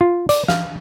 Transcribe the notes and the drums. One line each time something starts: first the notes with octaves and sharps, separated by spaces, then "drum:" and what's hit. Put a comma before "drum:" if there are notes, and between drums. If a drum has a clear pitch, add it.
F4
D5, drum: hi-hat
F5, drum: snare